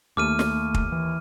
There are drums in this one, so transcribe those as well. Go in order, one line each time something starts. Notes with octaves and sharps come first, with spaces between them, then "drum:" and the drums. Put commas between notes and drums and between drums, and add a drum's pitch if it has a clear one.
D#2 A3 D6 F6 D#7
drum: snare
drum: kick
E3